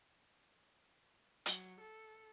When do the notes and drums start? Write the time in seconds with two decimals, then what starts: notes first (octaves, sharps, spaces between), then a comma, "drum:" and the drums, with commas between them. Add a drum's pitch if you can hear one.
1.46 F#3, drum: hi-hat
1.80 A4